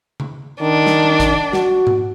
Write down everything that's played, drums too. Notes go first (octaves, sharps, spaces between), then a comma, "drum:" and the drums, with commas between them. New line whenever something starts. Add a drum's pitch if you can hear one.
drum: tom C#3
D#3 D4
drum: snare
drum: kick, hi-hat
F#4, drum: snare
drum: tom G#2